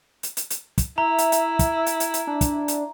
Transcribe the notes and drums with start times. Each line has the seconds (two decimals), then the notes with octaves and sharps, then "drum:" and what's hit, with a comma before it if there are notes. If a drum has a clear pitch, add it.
0.23 drum: hi-hat
0.37 drum: hi-hat
0.50 drum: hi-hat
0.78 drum: kick, hi-hat
0.98 E4 E5 A#5
1.18 drum: hi-hat
1.32 drum: hi-hat
1.59 drum: kick, hi-hat
1.86 drum: hi-hat
2.00 drum: hi-hat
2.14 drum: hi-hat
2.27 D4
2.41 drum: kick, hi-hat
2.68 drum: hi-hat